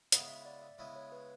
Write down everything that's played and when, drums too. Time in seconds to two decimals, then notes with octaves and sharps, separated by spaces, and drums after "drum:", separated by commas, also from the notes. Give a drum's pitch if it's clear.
0.12 C#3 G#3 B3 E4 F#5, drum: hi-hat
0.28 E5
0.45 D5
0.62 E5
0.78 C#3 G#3 B3 E4 E5
0.96 C#5
1.12 B4